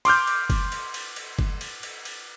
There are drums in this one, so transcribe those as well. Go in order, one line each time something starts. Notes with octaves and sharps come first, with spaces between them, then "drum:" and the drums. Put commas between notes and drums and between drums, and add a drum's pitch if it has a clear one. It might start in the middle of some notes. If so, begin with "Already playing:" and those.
C6 D6 F6 G6, drum: cymbal
drum: cymbal
drum: kick F#1, cymbal
drum: cymbal
drum: cymbal
drum: cymbal
drum: kick F#1
drum: cymbal
drum: cymbal
drum: cymbal